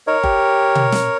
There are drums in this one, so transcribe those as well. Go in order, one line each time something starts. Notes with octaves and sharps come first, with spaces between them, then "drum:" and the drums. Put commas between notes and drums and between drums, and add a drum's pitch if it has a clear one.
D#4 A#4 C#5
G4, drum: kick F#1
drum: tom B2
drum: snare